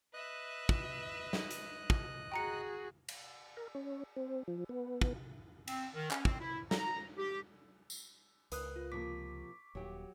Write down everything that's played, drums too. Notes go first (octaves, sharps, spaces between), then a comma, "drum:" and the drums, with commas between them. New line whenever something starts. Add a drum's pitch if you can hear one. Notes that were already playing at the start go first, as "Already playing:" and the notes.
B4 D#5 E5 F#6
drum: kick
drum: snare
drum: hi-hat
drum: kick
F#4 G#4 G5 A#5 C#7
drum: cymbal
A#4
C#4
C4
F3
B3
drum: kick
C4, drum: cymbal
D#3
C#4, drum: clap
C4, drum: kick
E4
A#5, drum: snare
G4
drum: tambourine
C#2 A#4 B4 D#6 F#6, drum: hi-hat
F4
C3 F3 A#3 C#6 D6 B6
D#1 F#3 G4